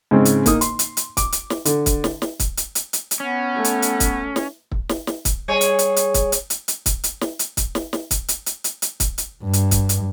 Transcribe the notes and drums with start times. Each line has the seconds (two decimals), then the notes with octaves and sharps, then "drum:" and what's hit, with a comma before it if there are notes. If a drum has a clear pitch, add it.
0.11 G#2 C#3 C4
0.25 drum: hi-hat
0.46 A#3 D#4 D#6, drum: kick, hi-hat
0.61 C6, drum: hi-hat
0.79 drum: hi-hat
0.97 drum: hi-hat
1.17 D6, drum: kick, hi-hat
1.32 drum: hi-hat
1.50 drum: snare
1.65 D3, drum: hi-hat
1.86 drum: kick, hi-hat
2.04 drum: snare
2.22 drum: snare
2.40 drum: kick, hi-hat
2.57 drum: hi-hat
2.75 drum: hi-hat
2.93 drum: hi-hat
3.11 drum: hi-hat
3.20 B3 C#4
3.55 A3
3.64 drum: hi-hat
3.82 drum: hi-hat
4.00 drum: kick, hi-hat
4.36 drum: snare
4.72 drum: kick
4.89 drum: snare
5.07 drum: snare
5.25 drum: kick, hi-hat
5.48 G3 G#4 C#5
5.61 drum: hi-hat
5.79 drum: hi-hat
5.96 drum: hi-hat
6.14 drum: kick, hi-hat
6.32 drum: hi-hat
6.50 drum: hi-hat
6.68 drum: hi-hat
6.86 drum: kick, hi-hat
7.04 drum: hi-hat
7.21 drum: snare
7.39 drum: hi-hat
7.57 drum: kick, hi-hat
7.75 drum: snare
7.93 drum: snare
8.11 drum: kick, hi-hat
8.28 drum: hi-hat
8.46 drum: hi-hat
8.64 drum: hi-hat
8.82 drum: hi-hat
9.00 drum: kick, hi-hat
9.18 drum: hi-hat
9.43 G2
9.53 drum: hi-hat
9.71 drum: kick, hi-hat
9.89 drum: hi-hat